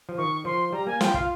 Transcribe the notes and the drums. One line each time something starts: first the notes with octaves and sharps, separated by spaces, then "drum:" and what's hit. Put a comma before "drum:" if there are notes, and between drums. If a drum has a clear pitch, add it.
F3
D#3 C#6
F3 C6
G3 A#5
A#3 G#5
F4 G5, drum: snare
F4 F5, drum: kick